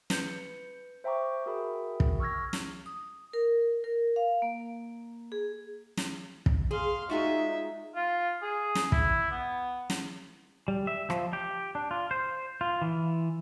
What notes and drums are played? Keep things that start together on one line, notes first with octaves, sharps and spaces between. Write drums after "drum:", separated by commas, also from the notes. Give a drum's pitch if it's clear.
B4 G6 C#7, drum: snare
C5 E5 G5 A#5 C#6 D6
F#4 G#4 A#4 E5 G5 B5
drum: kick
C#6 E6 F6 G#6 A#6
drum: snare
D#6
A#4
A#4
F5
A#3
G#4
drum: snare
drum: kick
G#4 F5 C6
G#3 D#4 F4 F#4 E5
F4
G#4
drum: snare
E4, drum: kick
B3
drum: snare
G3
E5
F3, drum: rim click
G4
D4
F4
C5
F4
E3